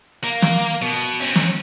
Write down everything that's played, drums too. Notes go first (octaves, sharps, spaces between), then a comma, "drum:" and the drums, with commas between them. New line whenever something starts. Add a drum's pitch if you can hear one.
A#3
drum: snare
B2
C4 C#4
drum: snare